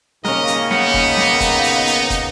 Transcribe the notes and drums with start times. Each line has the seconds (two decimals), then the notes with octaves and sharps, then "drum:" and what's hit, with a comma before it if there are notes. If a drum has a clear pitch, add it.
0.25 D#2 C#3 A#3 C#4 A#4 D#5, drum: snare
0.47 drum: hi-hat
0.71 B3 D#4, drum: snare
0.94 drum: kick
1.17 drum: snare
1.40 drum: kick, hi-hat
1.64 drum: hi-hat
1.87 drum: hi-hat
2.10 drum: kick, hi-hat